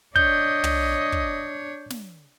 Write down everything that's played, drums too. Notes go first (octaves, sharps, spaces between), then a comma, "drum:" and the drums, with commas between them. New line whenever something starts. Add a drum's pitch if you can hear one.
D4 C#5 D#5 G6, drum: kick
drum: tom
drum: kick
drum: snare